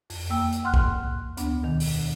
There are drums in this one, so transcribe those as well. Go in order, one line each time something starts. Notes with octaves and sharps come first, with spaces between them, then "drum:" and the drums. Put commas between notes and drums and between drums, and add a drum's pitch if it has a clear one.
F2, drum: open hi-hat
E2 A#3 G5 E6
drum: hi-hat
F#5 C6 F6 F#6
drum: kick B1
D2 B3 D4, drum: hi-hat
E2 B2 D#3
drum: open hi-hat